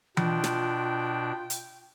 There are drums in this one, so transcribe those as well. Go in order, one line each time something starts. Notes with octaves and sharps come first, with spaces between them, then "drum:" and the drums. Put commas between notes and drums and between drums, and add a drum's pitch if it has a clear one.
B2 D4 F4 G5, drum: tom E3
drum: snare
drum: hi-hat